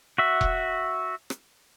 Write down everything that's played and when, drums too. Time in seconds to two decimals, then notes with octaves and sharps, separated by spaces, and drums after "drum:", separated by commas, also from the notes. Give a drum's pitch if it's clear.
0.18 F#4 E5
0.41 drum: kick E1
1.30 drum: rim click